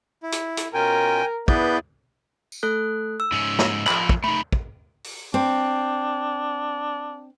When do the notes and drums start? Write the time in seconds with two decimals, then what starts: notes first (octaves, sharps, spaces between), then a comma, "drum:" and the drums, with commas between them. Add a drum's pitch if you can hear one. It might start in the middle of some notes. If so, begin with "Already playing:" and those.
0.23 E4
0.32 drum: hi-hat
0.57 drum: hi-hat
0.74 B2 C#4 F4 A#4 G5 G#5
1.48 B3 E4 G#4 B4 D5 G6, drum: kick
2.52 drum: tambourine
2.63 A3 A4 F#6
3.20 E6
3.32 G#2 C#4
3.59 drum: snare
3.87 F3 B5, drum: clap
4.09 drum: kick
4.24 A3 D#4 B5
4.52 drum: kick
5.04 drum: open hi-hat
5.34 C4 D4